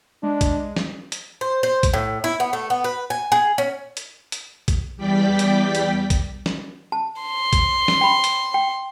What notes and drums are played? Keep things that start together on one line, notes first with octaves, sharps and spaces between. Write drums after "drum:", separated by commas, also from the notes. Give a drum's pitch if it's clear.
G#3 D4
drum: kick, hi-hat
drum: snare
drum: hi-hat
C5
C5
drum: kick, hi-hat
A2
E4
B3
A3
B3
B4
G#5
G#4
C#4
drum: hi-hat
drum: hi-hat
drum: kick, hi-hat
E2 G3 D5 G5 B6
drum: hi-hat
drum: hi-hat
drum: kick, hi-hat
drum: snare
A5
C6
drum: kick, hi-hat
drum: snare
G5 B5
drum: hi-hat
G5